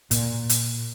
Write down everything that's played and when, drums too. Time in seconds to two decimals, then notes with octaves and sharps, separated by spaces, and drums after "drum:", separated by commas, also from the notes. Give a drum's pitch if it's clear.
0.11 A#2, drum: hi-hat
0.49 drum: hi-hat